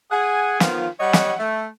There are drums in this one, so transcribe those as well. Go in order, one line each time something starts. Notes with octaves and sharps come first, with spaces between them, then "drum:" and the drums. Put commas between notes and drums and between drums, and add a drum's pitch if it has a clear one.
G#4 F#5 G#5
D#3 F3 B3 F4, drum: snare
G3 C#5 D#5 F#5
drum: snare
A3